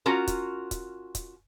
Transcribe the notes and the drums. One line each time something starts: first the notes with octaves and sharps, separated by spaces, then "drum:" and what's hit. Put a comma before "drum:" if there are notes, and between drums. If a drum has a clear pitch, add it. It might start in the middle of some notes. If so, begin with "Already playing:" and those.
C#4 F4 F#4 A#4
drum: kick, hi-hat
drum: kick, hi-hat
drum: kick, hi-hat